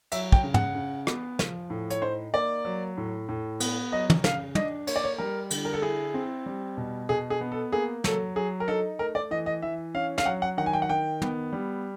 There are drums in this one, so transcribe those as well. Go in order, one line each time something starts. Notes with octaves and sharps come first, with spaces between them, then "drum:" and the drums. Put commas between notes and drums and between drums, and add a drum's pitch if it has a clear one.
F#3 E5, drum: cymbal
G5, drum: kick
C#3
F#5, drum: tom
C#3
B3, drum: rim click
F3, drum: snare
A2
C#5, drum: hi-hat
D#4 C5
A#3 D5
F#3
A2
A2
B3, drum: cymbal
F#3 D#5
drum: tom
C#3 F5, drum: snare
D4 D#5, drum: tom
A#3 C#5, drum: cymbal
D5
C#5
G3 A#4
D3, drum: cymbal
A#4
A4
E4 G#4
C4
G3
B2
B2 G#4
G#4
B3
A4
A#3 G#4
F#3 A4, drum: snare
F#3 G#4
A#4
D#4 A4
A3 A#4
D5
E3 D#5
D#5
E3 E5
C#4 F5
F5, drum: snare
F#3 F#5
F#5
D#3 F#5
G#5
G5
F#5
D#3 G5
B3, drum: tom
G3